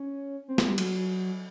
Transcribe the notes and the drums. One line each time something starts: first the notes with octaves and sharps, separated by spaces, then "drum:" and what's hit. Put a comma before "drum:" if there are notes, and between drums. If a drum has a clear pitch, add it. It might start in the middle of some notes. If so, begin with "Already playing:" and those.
Already playing: C#4
C4
B3, drum: snare
G3
F#3, drum: cymbal